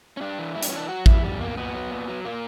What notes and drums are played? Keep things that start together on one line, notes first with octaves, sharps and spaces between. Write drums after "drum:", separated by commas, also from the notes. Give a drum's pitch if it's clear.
C#4
G2 D4
E3
G2 E4
D4, drum: hi-hat
C#4
E3 D4
F#3 F#4
E2 E4, drum: kick A1
E2 G3
B2 A#3
A#2 B3
F#3
A#2
F#3
A#2 A#3